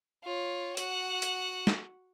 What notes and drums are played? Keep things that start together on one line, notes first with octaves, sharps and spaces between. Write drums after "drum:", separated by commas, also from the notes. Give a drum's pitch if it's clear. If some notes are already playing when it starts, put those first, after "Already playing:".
F4 C#5
F#4 F#5, drum: hi-hat
drum: hi-hat
drum: snare